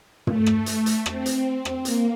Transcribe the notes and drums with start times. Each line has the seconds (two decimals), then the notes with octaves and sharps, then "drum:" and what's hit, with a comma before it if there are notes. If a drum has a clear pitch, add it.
0.27 A3, drum: tom
0.46 drum: rim click
0.66 drum: hi-hat
0.86 drum: hi-hat
1.06 C4, drum: rim click
1.26 drum: hi-hat
1.65 drum: rim click
1.85 A#3, drum: hi-hat